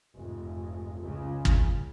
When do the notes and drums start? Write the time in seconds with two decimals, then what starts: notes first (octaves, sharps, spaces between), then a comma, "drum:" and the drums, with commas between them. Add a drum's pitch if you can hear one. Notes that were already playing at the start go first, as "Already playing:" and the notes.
0.16 F1 G#2
1.01 C#2 C#3
1.45 drum: kick